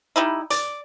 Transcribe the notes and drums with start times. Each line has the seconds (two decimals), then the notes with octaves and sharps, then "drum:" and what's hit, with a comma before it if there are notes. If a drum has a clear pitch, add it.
0.16 G3 D#4 E4
0.50 D5, drum: hi-hat